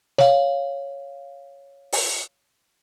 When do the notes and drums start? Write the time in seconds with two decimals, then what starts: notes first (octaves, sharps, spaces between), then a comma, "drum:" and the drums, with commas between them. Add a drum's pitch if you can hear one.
0.18 C#5 F5, drum: snare
1.92 drum: open hi-hat